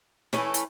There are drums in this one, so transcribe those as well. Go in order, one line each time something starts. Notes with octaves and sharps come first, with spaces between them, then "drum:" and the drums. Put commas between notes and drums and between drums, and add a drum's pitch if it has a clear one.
E3 A3 C#4 E4, drum: snare
drum: hi-hat